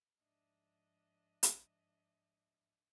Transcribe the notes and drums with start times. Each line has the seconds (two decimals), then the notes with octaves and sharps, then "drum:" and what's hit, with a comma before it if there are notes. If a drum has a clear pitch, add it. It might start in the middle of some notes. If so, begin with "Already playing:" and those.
0.21 G#2 F3 D4 D#5 E5
1.43 drum: hi-hat